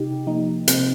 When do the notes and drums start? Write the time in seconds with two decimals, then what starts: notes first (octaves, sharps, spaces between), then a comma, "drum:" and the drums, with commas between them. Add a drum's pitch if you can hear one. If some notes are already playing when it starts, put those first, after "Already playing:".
Already playing: C3 D#4 G4
0.27 F3 A#3 D#4
0.68 C3 C4, drum: hi-hat